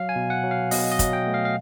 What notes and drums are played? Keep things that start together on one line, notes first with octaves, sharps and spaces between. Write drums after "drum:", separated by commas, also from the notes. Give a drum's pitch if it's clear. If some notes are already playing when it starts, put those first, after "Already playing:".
Already playing: F#3 F5
G#5
B2
F#5
F#3
F5
B2 D#5, drum: open hi-hat
D#5
F#3, drum: kick, hi-hat
G5
A3
F5
F5